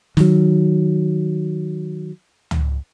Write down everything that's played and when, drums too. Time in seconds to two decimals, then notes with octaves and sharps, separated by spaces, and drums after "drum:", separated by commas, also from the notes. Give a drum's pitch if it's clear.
0.17 D#3 F#3, drum: snare
2.51 drum: tom C#2